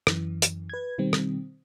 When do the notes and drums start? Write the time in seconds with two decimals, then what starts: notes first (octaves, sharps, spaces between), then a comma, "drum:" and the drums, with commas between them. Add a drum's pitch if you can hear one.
0.07 F#2 E3, drum: rim click
0.42 drum: hi-hat
0.69 B4 G#6
0.98 B2 D#3 G3 C4
1.13 drum: rim click